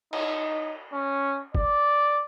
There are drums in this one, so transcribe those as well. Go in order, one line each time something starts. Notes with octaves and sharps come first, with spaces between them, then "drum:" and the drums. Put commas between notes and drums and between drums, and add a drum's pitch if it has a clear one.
D#4, drum: cymbal
C#4
D5, drum: kick